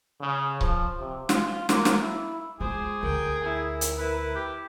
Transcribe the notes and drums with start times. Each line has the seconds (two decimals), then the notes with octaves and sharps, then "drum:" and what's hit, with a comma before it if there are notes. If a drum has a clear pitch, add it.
0.21 C#3
0.61 F3, drum: kick C#1
0.99 C3
1.29 F4, drum: snare
1.69 A#3, drum: snare
1.85 drum: snare
2.02 E4
2.60 G#3 F4 G#4 C5 D6
3.03 D2 A#4 G5
3.44 E4
3.81 drum: hi-hat
3.98 E4 B4
4.35 G4